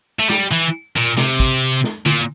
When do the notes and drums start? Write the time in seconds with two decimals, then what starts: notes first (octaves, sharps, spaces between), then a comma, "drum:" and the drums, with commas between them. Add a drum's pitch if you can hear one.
0.19 A3
0.30 G3, drum: snare
0.51 E3
0.96 A#2
1.18 C3, drum: snare
1.40 drum: kick
1.84 drum: snare
2.06 A#2, drum: tom D3